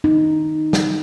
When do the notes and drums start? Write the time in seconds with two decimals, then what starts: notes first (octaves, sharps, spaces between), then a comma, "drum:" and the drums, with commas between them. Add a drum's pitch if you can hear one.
0.04 D#4
0.73 drum: snare